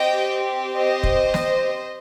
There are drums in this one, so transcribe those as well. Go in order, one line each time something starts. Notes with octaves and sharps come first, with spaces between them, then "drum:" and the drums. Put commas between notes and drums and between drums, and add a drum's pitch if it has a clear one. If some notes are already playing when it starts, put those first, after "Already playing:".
Already playing: C4 G4 D#5 G5
C5 D#5
drum: kick
drum: snare